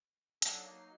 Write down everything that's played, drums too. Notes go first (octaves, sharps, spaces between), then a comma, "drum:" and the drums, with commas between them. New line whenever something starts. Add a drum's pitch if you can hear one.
F#3 D4 D#4 A4 C7, drum: hi-hat
A#3